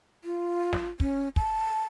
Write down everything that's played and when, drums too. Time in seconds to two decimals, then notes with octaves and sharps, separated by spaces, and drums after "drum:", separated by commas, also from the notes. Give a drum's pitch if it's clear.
0.24 F4
0.73 drum: snare
1.00 C#4, drum: kick
1.36 A5, drum: kick